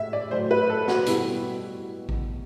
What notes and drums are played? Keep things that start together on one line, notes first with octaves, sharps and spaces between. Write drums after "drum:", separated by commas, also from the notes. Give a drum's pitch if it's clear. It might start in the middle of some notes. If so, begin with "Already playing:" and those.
Already playing: A2 E5
D5
A2 F#3 C5
B4
A4
F#4, drum: snare
B2 G3 E4, drum: hi-hat
drum: kick A1